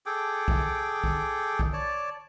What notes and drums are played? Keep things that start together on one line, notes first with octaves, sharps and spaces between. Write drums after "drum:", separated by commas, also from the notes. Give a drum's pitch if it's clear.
G#4 A4 G5 D6
drum: kick B1
drum: kick B1
drum: kick B1
C#5 D5 A5